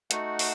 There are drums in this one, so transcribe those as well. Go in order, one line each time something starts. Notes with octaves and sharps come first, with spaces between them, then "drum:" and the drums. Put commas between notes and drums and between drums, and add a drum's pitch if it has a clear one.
A3 D#4 F#4 F#5, drum: hi-hat
drum: open hi-hat